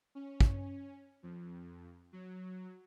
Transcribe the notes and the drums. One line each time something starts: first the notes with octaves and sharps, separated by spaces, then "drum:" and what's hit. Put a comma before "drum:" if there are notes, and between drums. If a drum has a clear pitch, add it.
C#4
drum: kick
F2
F#3